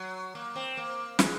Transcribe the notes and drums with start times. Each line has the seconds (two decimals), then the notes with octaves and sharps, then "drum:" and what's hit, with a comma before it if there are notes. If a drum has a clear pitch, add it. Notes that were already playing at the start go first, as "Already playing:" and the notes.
Already playing: F#3
0.35 A#3
0.56 C4
0.77 A#3
1.19 G#3, drum: snare